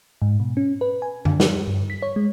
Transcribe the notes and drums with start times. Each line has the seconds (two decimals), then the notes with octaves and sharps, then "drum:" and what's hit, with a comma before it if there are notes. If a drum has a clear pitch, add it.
0.22 G#2
0.40 B2
0.57 C#4
0.81 B4
1.02 G#5
1.25 D3, drum: tom F#2
1.40 G3, drum: snare
1.67 G2
1.90 B6
2.02 C#5
2.16 G#3